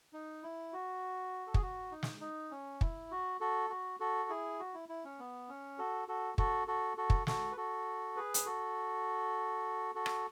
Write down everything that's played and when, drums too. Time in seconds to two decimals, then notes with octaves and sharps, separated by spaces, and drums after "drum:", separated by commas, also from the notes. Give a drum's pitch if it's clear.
0.13 D#4
0.43 E4
0.73 F#4
1.47 A4
1.54 G#4, drum: kick
1.62 F#4
1.91 D#4
2.03 drum: snare
2.21 D#4
2.51 C#4
2.81 E4, drum: kick
3.11 F#4
3.40 F#4 A4
3.70 F#4
4.00 F#4 A4
4.29 E4 G#4
4.59 F#4
4.74 E4
4.89 E4
5.04 C#4
5.19 B3
5.49 C#4
5.78 F#4 A4
6.08 F#4 A4
6.38 F#4 A4, drum: kick
6.67 F#4 A4
6.97 F#4 A4
7.10 drum: kick
7.27 F#4 A4, drum: snare
7.52 B4
7.57 F#4 A4
8.16 G#4 B4
8.34 drum: hi-hat
8.46 F#4 A4
9.95 F#4 A4
10.06 drum: rim click